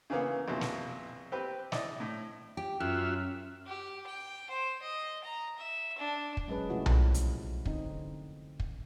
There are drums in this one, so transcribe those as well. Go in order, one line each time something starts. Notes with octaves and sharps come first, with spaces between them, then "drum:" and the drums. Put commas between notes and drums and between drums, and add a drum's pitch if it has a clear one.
C#3 E3 A#3 B3
A#1 F2 B2 E4
drum: snare
C4 G4 B4
E4 D5 D#5, drum: snare
A2
G4
F#2 F4 F#4 E5
G4
G5
C5
D#5
A#5
E5
D4
drum: kick
F#3 G#3 C#4 G#4 B4
C3 F3 A3 E4 F#4
drum: tom B1
drum: hi-hat
D3 C4 D#4, drum: kick
drum: kick